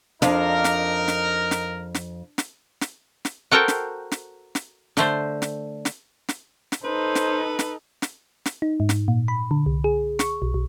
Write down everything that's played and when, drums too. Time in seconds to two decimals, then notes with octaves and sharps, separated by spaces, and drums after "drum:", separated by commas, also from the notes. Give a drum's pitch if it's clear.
0.22 F2 D4 D#4 A#4 F5, drum: snare
0.64 drum: snare
1.08 drum: snare
1.51 drum: snare
1.95 drum: snare
2.38 drum: snare
2.81 drum: snare
3.25 drum: snare
3.51 F#4 A4 A#4 C5 G5
3.68 drum: snare
4.12 drum: snare
4.55 drum: snare
4.97 D3 A3 C5, drum: snare
5.42 drum: snare
5.85 drum: snare
6.29 drum: snare
6.72 drum: snare
6.84 D#4 A4 B4 C5
7.15 drum: snare
7.59 drum: snare
8.02 drum: snare
8.46 drum: snare
8.62 D#4
8.80 G#2
8.89 drum: snare
9.08 A#2
9.28 B5
9.51 D3
9.66 C2
9.84 G#4
10.19 C#6, drum: snare
10.42 B1
10.54 B1